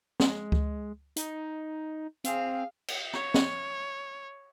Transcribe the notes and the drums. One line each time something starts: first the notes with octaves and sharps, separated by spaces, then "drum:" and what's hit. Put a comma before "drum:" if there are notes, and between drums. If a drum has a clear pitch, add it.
G#3, drum: snare C#4
drum: kick C#2
D#4, drum: hi-hat
C4 G#4 F5, drum: hi-hat
drum: cymbal
C#5, drum: rim click
drum: snare C#4